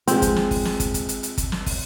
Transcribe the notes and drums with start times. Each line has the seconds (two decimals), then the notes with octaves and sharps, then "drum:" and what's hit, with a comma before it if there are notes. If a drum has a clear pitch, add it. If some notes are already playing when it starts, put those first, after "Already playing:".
0.08 F3 G#3 C4, drum: hi-hat
0.22 drum: kick, hi-hat
0.36 drum: snare
0.51 drum: kick, open hi-hat
0.65 drum: snare
0.80 drum: kick, hi-hat
0.94 drum: kick, hi-hat
1.09 drum: hi-hat
1.23 drum: hi-hat
1.38 drum: kick, hi-hat
1.52 drum: snare
1.66 drum: kick, open hi-hat